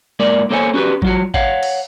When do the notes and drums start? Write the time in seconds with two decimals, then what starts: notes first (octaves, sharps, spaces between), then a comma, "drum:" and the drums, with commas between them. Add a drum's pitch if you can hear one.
0.20 G#2 A#3 A#4 D5
0.50 A#3 A4 C5 C#5 G5 G#5
0.74 C#4 F#4 G4 B4
1.02 F#3 F4 F#4, drum: kick G#1
1.34 C#5 F5 F#5, drum: kick G#1
1.63 drum: cymbal